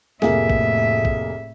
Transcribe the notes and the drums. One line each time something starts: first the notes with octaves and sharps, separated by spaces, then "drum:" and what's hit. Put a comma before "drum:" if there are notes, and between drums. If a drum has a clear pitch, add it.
F1 A2 A#3 G#4 E5, drum: snare
drum: kick
drum: kick